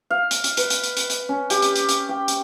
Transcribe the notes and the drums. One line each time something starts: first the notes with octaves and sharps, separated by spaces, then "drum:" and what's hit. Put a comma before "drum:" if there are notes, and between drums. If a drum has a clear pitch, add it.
F5
drum: hi-hat
drum: hi-hat
B4, drum: hi-hat
drum: hi-hat
drum: hi-hat
drum: hi-hat
drum: hi-hat
C#4
G4, drum: hi-hat
drum: hi-hat
drum: hi-hat
drum: hi-hat
G5
drum: hi-hat